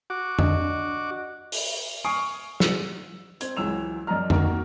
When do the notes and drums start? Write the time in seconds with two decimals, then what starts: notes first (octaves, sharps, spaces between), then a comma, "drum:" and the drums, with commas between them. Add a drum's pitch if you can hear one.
0.10 F#4 D6
0.39 D4 D#5, drum: tom F2
1.52 drum: open hi-hat
2.05 G#5 C#6 D#6 F6 C7 D7
2.60 E6 F#7, drum: snare
3.41 C4 G#6, drum: hi-hat
3.57 C#2 E3 F#3 E6 F7
4.07 F#2 D5 D#5 A#5 F6
4.30 D#3 A#3 F#4 A#4, drum: tom F2